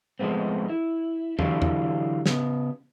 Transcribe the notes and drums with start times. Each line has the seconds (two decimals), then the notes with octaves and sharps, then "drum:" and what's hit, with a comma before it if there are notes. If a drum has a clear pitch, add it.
0.19 F3 G#3 A3 B3 C4
0.70 E4
1.39 D3 E3 F#3 E4 F4 G4, drum: tom E2
1.62 drum: tom E2
2.26 C#3 B3, drum: snare